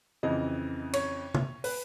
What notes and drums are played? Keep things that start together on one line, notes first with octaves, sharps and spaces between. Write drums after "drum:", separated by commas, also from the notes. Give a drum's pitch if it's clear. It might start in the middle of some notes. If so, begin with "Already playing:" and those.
F2 C#3 E3 D#5
C#5, drum: cymbal
drum: tom C3
B4, drum: open hi-hat